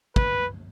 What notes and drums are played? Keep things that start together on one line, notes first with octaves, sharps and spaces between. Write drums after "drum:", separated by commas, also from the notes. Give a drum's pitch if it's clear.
B4, drum: kick